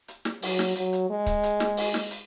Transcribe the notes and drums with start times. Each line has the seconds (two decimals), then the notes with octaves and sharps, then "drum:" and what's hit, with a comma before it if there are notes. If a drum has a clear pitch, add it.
0.08 drum: hi-hat
0.25 drum: snare
0.42 F#3, drum: open hi-hat
0.59 drum: snare
0.76 F#3, drum: hi-hat
0.93 drum: hi-hat
1.10 G#3
1.26 drum: kick C#1, hi-hat
1.43 drum: hi-hat
1.60 drum: snare
1.77 drum: open hi-hat
1.94 drum: snare
2.11 drum: hi-hat